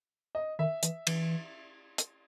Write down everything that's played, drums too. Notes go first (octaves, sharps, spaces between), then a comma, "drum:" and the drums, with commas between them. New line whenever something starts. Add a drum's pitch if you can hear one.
D#5
D#3 E5
E3, drum: hi-hat
E3, drum: cymbal
drum: hi-hat